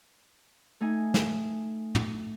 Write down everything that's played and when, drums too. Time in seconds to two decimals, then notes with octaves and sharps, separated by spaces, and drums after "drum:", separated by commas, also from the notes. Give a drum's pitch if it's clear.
0.81 A3 D#4 G#5
1.14 drum: snare
1.95 drum: tom